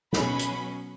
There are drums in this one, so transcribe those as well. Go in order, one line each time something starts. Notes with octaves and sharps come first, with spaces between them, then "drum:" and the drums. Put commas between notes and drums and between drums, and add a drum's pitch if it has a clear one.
B2 F#3 C#4 B5, drum: snare
drum: hi-hat